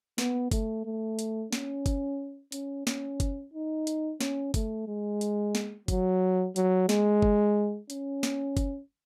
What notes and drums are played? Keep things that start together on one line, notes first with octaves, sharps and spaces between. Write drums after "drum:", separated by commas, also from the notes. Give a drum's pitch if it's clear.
B3, drum: snare
A3, drum: kick F#1, hi-hat
A3
drum: hi-hat
C#4, drum: snare
drum: kick F#1, hi-hat
C#4, drum: hi-hat
C#4, drum: snare
drum: kick F#1, hi-hat
D#4
drum: hi-hat
C#4, drum: snare
A3, drum: kick F#1, hi-hat
G#3
drum: hi-hat
drum: snare
F#3, drum: kick F#1, hi-hat
F#3, drum: hi-hat
G#3, drum: snare
drum: kick F#1
C#4, drum: hi-hat
drum: snare
drum: kick F#1, hi-hat